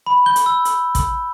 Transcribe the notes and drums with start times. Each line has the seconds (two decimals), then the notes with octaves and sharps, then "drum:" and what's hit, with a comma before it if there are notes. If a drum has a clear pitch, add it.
0.06 B5
0.26 G6 G7
0.36 drum: hi-hat
0.46 E6
0.65 drum: hi-hat
0.95 drum: kick, hi-hat